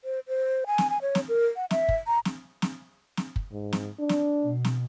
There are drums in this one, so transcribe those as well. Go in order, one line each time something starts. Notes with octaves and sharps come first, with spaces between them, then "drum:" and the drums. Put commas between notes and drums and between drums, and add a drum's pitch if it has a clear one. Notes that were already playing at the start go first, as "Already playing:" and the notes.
C5
C5
G#5
drum: snare
G#5
C#5
drum: snare
A#4
F#5
E5, drum: snare
drum: kick
A#5
drum: snare
drum: snare
drum: snare
drum: kick
G#2
drum: snare
D4
drum: snare
B2
drum: snare